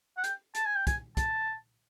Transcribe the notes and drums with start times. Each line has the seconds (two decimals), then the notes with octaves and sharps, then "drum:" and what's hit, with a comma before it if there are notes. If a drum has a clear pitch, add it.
0.17 F#5
0.24 G5, drum: hi-hat
0.55 A5, drum: hi-hat
0.66 G#5
0.76 G5
0.87 G#5, drum: kick, hi-hat
1.17 A5, drum: kick, hi-hat